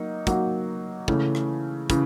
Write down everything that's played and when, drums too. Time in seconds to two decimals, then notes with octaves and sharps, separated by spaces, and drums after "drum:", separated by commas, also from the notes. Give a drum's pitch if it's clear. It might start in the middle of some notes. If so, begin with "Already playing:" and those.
Already playing: F#3 A#3 D#4
0.27 F#3 A#3 D#4 F#4, drum: kick, hi-hat
1.08 C#3 E3 A3 C#4, drum: kick
1.35 drum: rim click
1.90 C#3 E3, drum: kick, hi-hat